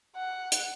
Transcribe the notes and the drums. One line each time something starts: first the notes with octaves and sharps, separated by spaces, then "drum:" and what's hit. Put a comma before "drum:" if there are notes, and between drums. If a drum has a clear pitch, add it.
F#5
drum: hi-hat